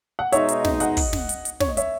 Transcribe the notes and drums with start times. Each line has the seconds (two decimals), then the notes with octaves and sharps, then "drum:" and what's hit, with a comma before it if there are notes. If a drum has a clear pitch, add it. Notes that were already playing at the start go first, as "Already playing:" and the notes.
0.19 F#5
0.32 B2 G#3 D#4 C#5 E5, drum: hi-hat
0.48 drum: hi-hat
0.65 drum: snare
0.80 D#5 F#5, drum: hi-hat
0.97 drum: kick, open hi-hat
1.13 drum: snare
1.29 drum: hi-hat
1.45 drum: hi-hat
1.60 C#5, drum: snare
1.68 D#5
1.77 C#5 E5, drum: hi-hat